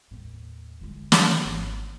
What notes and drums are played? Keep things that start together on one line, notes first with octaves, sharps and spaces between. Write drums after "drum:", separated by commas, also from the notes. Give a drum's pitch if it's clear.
D#2 A2
D3 G#3
drum: snare
G#1